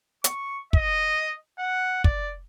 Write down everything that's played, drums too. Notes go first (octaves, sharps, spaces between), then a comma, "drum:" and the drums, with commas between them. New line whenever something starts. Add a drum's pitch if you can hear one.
C#6, drum: hi-hat
D#5, drum: kick
F#5
D5, drum: kick